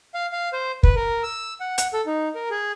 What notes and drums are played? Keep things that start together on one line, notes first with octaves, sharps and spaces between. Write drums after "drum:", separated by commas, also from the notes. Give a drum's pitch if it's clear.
F5
F5
C5
B4, drum: kick
A#4
E6
F#5
F#5, drum: hi-hat
A4
D#4
A#4
G#4